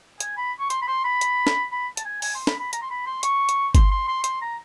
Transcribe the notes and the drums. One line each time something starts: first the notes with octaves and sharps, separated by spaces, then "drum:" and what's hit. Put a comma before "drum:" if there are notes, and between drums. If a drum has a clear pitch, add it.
G#5, drum: hi-hat
B5
C#6
C6, drum: hi-hat
B5
C6
B5
drum: hi-hat
drum: snare
B5
A5, drum: hi-hat
G#5
G#5, drum: open hi-hat
C6
B5, drum: snare
B5
A#5, drum: hi-hat
C6
B5
C6
C#6, drum: hi-hat
drum: hi-hat
C6, drum: kick G1, hi-hat
C6
C6
C6, drum: hi-hat
A#5